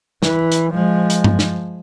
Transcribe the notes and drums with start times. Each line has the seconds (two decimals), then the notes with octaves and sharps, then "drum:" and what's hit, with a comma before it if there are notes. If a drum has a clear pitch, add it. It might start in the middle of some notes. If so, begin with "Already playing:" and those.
0.23 E3, drum: snare
0.52 drum: hi-hat
0.75 F3 G#3
1.10 drum: hi-hat
1.24 drum: tom G2
1.39 drum: snare